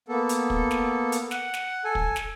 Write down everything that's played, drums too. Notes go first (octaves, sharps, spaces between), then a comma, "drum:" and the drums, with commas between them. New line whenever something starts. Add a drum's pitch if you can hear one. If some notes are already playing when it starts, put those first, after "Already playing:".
A#3 B3 A4
drum: hi-hat
drum: kick
drum: snare
drum: hi-hat
F#5, drum: snare
drum: snare
A4 G#5
drum: kick
drum: snare